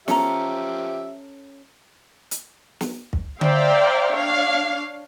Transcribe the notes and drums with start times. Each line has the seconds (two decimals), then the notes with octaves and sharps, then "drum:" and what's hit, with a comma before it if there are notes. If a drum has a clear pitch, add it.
0.08 F3 C#4 G4 A4 E5 A#5, drum: snare
2.31 drum: hi-hat
2.81 drum: snare
3.13 drum: kick
3.41 C5 D5 E5 F5 G5 A#5, drum: tom D3
4.12 D4 C#5 F5